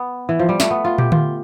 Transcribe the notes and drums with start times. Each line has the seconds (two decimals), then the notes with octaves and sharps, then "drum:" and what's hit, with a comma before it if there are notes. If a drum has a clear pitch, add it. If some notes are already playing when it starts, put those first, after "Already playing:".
Already playing: B3
0.29 E3
0.39 F3
0.49 G3
0.60 A3, drum: snare
0.70 B3
0.85 F4
0.98 G4, drum: tom
1.12 F4, drum: tom D3